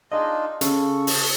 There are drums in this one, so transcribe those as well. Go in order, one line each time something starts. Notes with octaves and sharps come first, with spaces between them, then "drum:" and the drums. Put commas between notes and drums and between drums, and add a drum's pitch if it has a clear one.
D4 D#4 F4 G#4 D#5
C#3 A4 C#6, drum: hi-hat
drum: open hi-hat